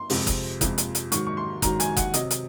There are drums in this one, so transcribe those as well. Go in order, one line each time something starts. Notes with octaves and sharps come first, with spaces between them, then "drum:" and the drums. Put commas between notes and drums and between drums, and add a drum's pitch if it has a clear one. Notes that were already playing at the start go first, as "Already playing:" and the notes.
Already playing: C6
F2 C3 F3 G#3, drum: open hi-hat
drum: kick F#1, hi-hat
F2 C3 F3 G#3, drum: kick F#1, hi-hat
drum: hi-hat
drum: hi-hat
G#2 D#3 F#3 C#6, drum: hi-hat
C#6
C6
G#2 D#3 F#3 A#5, drum: kick F#1, hi-hat
G#5, drum: hi-hat
F#5, drum: kick F#1, hi-hat
C3 F#3 D#5, drum: hi-hat
drum: hi-hat